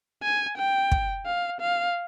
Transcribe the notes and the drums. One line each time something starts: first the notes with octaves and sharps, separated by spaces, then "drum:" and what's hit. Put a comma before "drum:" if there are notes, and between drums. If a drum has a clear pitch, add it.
G#5
G5
drum: kick
F5
F5